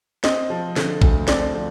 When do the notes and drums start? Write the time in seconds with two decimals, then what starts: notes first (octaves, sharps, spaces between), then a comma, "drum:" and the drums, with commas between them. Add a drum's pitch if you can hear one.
0.24 C4 D#5, drum: snare
0.50 F3
0.76 D3, drum: snare
1.02 D2, drum: kick A1
1.28 C4 D5, drum: snare
1.53 F3